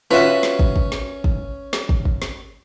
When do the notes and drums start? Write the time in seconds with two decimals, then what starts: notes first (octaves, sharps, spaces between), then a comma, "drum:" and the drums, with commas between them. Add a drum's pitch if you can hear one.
0.11 C#4 F4 F#4 B4 E5
0.43 drum: snare
0.59 drum: kick
0.76 drum: kick
0.92 drum: snare
1.24 drum: kick
1.73 drum: snare
1.89 drum: kick
2.05 drum: kick
2.22 drum: snare